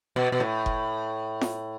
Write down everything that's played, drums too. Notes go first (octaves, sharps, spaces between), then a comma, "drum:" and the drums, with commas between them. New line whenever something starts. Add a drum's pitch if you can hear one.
B2
B2
A2
drum: kick F1
drum: snare